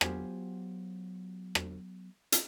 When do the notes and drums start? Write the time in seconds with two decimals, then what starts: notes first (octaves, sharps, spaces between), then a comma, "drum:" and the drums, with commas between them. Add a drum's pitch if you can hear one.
0.01 F#3 B3 F4 G4 C5 G#5, drum: rim click
1.55 drum: rim click
2.32 drum: hi-hat